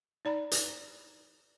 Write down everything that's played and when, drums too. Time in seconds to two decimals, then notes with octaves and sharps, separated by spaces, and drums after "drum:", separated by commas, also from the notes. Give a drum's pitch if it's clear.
0.25 D#4 D5 A#5 B5
0.51 drum: hi-hat